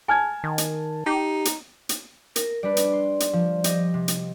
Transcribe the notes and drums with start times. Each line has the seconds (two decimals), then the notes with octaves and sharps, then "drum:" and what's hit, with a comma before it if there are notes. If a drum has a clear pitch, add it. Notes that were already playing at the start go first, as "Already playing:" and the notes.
0.08 G#5 A5 F6 G#6
0.44 D#3
0.58 drum: hi-hat
1.06 D#4 G4
1.45 drum: hi-hat
1.89 drum: hi-hat
2.36 A#4, drum: hi-hat
2.63 G3 D4 B4 D5
2.77 drum: hi-hat
2.93 C6
3.20 drum: hi-hat
3.33 F3
3.64 G4 D#5, drum: hi-hat
3.94 C3
4.08 drum: hi-hat